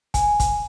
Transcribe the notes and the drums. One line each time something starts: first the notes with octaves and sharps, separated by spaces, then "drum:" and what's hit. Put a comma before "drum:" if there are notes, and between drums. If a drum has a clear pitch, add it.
G#5, drum: kick, hi-hat
drum: kick, hi-hat